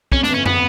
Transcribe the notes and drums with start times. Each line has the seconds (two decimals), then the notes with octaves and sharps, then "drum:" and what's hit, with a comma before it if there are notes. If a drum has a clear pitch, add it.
0.12 F2 C#4, drum: kick
0.24 D4, drum: snare
0.29 G1 C#4
0.46 B3, drum: tom